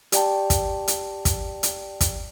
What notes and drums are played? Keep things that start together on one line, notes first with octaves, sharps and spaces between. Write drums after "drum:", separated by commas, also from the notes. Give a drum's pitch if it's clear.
G4 D5 G5 A5, drum: hi-hat
drum: kick, hi-hat
drum: hi-hat
drum: kick, hi-hat
drum: hi-hat
drum: kick, hi-hat